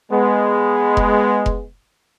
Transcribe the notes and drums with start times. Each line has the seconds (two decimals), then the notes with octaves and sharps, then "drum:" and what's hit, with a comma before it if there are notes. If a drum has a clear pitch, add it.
0.12 G#3 B3
0.97 drum: kick F1
1.46 drum: kick F1